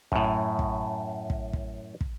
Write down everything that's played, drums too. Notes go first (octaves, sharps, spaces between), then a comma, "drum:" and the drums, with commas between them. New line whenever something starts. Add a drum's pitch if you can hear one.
F#2 A2, drum: kick
drum: kick
drum: kick
drum: kick
drum: kick